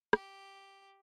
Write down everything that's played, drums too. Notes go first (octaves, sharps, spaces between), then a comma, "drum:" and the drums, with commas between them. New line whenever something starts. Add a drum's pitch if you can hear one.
G4, drum: rim click